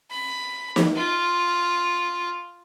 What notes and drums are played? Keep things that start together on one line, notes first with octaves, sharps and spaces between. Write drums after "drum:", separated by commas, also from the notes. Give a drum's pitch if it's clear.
B5
drum: snare
F4